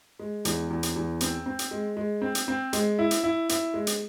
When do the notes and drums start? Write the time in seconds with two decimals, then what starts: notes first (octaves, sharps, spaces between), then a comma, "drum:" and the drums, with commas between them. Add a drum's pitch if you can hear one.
0.19 G#3
0.45 E2, drum: hi-hat
0.70 E2
0.83 drum: hi-hat
0.96 E2
1.21 C4, drum: hi-hat
1.46 C4
1.59 drum: hi-hat
1.71 G#3
1.97 G#3
2.22 C4
2.35 drum: hi-hat
2.48 C4
2.73 G#3, drum: hi-hat
2.99 E4
3.11 drum: hi-hat
3.24 E4
3.49 E4, drum: hi-hat
3.74 G#3
3.87 drum: hi-hat